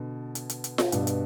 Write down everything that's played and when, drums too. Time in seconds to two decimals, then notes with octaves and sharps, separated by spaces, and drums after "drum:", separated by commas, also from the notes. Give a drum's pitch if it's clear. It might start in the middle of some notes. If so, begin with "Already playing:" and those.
Already playing: B2 D3
0.35 drum: hi-hat
0.50 drum: hi-hat
0.64 drum: hi-hat
0.78 drum: snare F4
0.92 G2 B2, drum: hi-hat
1.07 drum: hi-hat